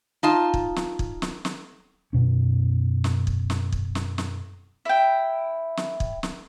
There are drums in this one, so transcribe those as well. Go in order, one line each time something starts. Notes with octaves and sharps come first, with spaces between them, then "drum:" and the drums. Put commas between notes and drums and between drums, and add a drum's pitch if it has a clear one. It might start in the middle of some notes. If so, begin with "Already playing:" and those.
D#4 F4 A5
drum: kick
drum: snare
drum: kick
drum: snare
drum: snare
F#2 B2 C#4
drum: snare
drum: kick
drum: snare
drum: kick
drum: snare
drum: snare
E4 G5
drum: snare
drum: kick
drum: snare